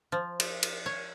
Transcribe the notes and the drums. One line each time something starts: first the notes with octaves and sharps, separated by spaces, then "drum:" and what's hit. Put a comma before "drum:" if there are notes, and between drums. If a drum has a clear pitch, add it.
F3
drum: cymbal
drum: cymbal
C#5